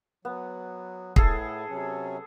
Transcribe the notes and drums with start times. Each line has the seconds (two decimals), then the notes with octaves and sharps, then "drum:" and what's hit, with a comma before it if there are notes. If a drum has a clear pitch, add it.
0.25 F#3 B3
1.16 A2 E4 G#4 A4, drum: kick
1.69 C3 F#3 C#4